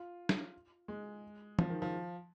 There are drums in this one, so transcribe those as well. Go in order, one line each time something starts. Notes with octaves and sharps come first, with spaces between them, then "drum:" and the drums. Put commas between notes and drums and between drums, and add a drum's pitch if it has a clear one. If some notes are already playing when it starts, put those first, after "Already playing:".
Already playing: F4
drum: snare
G#3
F3, drum: tom
D#3
F3